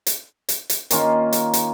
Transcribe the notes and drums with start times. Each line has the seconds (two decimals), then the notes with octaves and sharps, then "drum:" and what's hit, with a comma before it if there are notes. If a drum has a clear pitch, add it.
0.07 drum: hi-hat
0.49 drum: hi-hat
0.70 drum: hi-hat
0.91 D#3 A#3 C#4 F4, drum: hi-hat
1.33 drum: hi-hat
1.54 drum: hi-hat